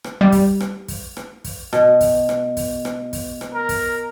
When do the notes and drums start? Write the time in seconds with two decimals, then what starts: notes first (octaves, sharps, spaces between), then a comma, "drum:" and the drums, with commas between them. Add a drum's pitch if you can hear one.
0.04 drum: rim click
0.21 G3
0.32 drum: kick, open hi-hat
0.60 drum: rim click
0.88 drum: kick, open hi-hat
1.16 drum: rim click
1.45 drum: kick, open hi-hat
1.73 B2, drum: rim click
2.01 drum: kick, open hi-hat
2.29 drum: rim click
2.57 drum: kick, open hi-hat
2.85 drum: rim click
3.13 drum: kick, open hi-hat
3.41 drum: rim click
3.54 A#4
3.69 drum: kick, open hi-hat